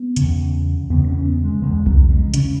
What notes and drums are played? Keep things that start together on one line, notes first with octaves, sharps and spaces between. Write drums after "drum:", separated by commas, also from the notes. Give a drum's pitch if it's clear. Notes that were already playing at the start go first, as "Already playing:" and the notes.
Already playing: B3
E2 C#3, drum: hi-hat
E2 C#3 B3
B3
C#4
B3
G#3
E2 C#3 G#3
F#3, drum: kick B1
G#3
C#3 C#4, drum: hi-hat